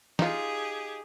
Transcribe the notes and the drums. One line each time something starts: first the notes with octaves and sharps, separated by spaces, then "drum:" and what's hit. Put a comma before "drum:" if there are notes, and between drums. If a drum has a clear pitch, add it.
D#4 F4 G4 G#4, drum: snare